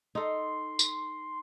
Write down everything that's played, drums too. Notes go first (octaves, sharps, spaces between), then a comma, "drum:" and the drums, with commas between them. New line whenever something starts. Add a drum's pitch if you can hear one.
D#4 A4 C6
drum: tambourine